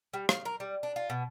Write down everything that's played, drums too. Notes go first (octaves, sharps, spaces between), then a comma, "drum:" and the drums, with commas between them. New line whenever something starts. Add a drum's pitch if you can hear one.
G3
F5, drum: rim click
A#4
G3
D4
F4
B2